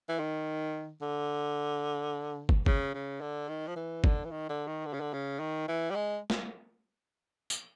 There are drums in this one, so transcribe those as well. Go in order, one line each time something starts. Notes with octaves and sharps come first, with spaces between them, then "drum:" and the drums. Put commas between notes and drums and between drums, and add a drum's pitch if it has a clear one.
E3
D#3
D3
drum: kick
C#3, drum: kick
C#3
D3
D#3
F3
E3
D3, drum: kick
E3
D#3
D3
D#3
D3
C#3
D3
C#3
D#3
E3
G3
G#3
drum: snare
drum: tambourine